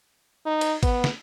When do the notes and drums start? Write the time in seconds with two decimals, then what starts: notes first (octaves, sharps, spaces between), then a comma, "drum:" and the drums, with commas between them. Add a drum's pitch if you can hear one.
0.46 D#4
0.61 drum: cymbal
0.83 B3, drum: kick G#1, cymbal
1.04 drum: snare